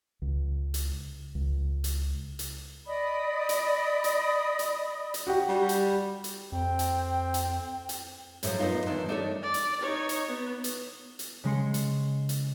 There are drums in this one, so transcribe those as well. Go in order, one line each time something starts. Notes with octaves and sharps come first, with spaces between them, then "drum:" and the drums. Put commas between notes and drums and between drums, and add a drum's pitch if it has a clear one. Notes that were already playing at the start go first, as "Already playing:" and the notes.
C#2
drum: hi-hat
C#2
drum: hi-hat
drum: hi-hat
D5 D#5 B5 D#6
drum: hi-hat
drum: hi-hat
drum: hi-hat
drum: hi-hat
F#4 G4 F#5
G3
drum: hi-hat
drum: hi-hat
F2 C4 G5
drum: hi-hat
drum: hi-hat
drum: hi-hat
A2 C3 D#3 F3 F#3, drum: hi-hat
F#2 B3 D#4 F4
D#3 E3 D4
A3 D4 D#4 A4 C#5
D5
drum: hi-hat
D#4 C#5
drum: hi-hat
B3
drum: hi-hat
drum: hi-hat
C#3 G#3 C6 C#7
drum: hi-hat
drum: hi-hat